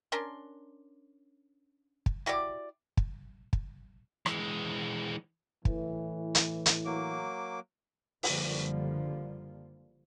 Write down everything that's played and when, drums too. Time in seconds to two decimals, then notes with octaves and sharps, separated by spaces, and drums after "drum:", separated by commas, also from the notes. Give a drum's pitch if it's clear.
0.12 C#4 D4 A#4 C6
2.06 drum: kick
2.26 E4 F#4 G4 D5
2.97 drum: kick
3.53 drum: kick
4.26 E3 G#3, drum: rim click
5.65 A2 E3, drum: kick
6.35 drum: hi-hat
6.66 drum: hi-hat
6.85 F#3 A#3 D6
8.23 F#1 D3 F3 G3 A#3, drum: open hi-hat